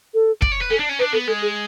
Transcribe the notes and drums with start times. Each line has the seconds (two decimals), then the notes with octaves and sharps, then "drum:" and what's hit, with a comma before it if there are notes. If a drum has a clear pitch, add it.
0.14 A4
0.42 D5, drum: kick
0.52 C#5
0.61 B4
0.70 C#4 A4
0.79 D4
0.89 C#4
0.99 D4 B4
1.13 B3 A4
1.27 G#3 A4
1.42 G#4